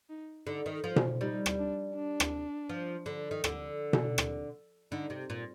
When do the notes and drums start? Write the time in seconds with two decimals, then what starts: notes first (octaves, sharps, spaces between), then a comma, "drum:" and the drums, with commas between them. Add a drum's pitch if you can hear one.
0.10 D#4
0.47 D3 D#4
0.66 D#3
0.84 F3 F4
0.96 drum: tom B2
1.21 G3 D#4
1.46 drum: rim click
1.59 D4
1.95 D4
2.20 drum: rim click
2.69 F3
3.06 D3
3.31 D#3
3.44 D3, drum: rim click
3.93 drum: tom B2
4.18 drum: rim click
4.92 D3 D#4
5.10 C3
5.30 A#2